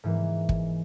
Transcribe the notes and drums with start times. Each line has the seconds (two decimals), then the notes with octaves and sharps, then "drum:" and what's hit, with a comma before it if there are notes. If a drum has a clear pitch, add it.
0.04 G#2 E3 A#3
0.49 drum: kick